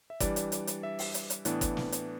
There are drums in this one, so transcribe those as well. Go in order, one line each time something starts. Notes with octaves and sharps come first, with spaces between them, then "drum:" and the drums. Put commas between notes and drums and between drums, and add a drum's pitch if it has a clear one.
E5
E3 G3 D4 D5, drum: kick, hi-hat
drum: hi-hat
drum: hi-hat
drum: hi-hat
E5
drum: open hi-hat
drum: hi-hat
drum: hi-hat
A2 E3 B3 D4, drum: hi-hat
drum: kick, hi-hat
drum: snare
drum: hi-hat